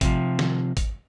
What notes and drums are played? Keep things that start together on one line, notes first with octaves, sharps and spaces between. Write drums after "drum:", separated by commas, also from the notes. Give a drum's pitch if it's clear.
C3 F3, drum: kick, hi-hat
drum: snare
drum: kick, hi-hat